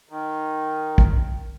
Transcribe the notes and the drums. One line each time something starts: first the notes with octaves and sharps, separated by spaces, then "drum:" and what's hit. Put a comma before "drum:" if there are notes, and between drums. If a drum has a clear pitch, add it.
D#3
drum: kick A#1